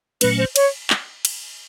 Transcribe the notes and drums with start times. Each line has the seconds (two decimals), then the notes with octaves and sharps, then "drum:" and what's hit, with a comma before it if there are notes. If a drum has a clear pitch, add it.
0.21 A#2 F#3 A3 C#4 B4, drum: cymbal
0.38 C5
0.56 C#5, drum: cymbal
0.90 drum: clap
1.25 drum: cymbal